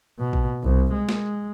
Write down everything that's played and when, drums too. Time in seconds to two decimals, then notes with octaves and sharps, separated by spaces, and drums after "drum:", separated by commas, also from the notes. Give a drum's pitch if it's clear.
0.19 B2
0.33 drum: kick
0.63 C2
0.94 G#3
1.09 drum: snare